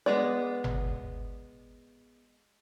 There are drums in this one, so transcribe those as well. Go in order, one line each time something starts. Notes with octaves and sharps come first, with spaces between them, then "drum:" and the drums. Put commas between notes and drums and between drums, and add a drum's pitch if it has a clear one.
G#3 B3 D5
drum: tom G1